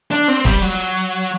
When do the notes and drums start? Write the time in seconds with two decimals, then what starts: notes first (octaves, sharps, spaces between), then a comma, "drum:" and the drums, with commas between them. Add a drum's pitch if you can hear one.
0.11 D4
0.28 C4
0.45 G3, drum: kick
0.62 F#3